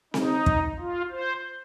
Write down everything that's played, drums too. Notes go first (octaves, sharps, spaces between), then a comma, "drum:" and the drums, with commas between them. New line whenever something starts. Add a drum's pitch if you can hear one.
D#4, drum: snare C4
drum: kick
F4
C5